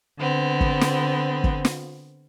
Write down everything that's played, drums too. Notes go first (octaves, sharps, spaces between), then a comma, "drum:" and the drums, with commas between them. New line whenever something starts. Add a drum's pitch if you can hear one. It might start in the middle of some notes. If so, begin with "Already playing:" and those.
D3 B3 C4
drum: kick
drum: snare
drum: kick
drum: snare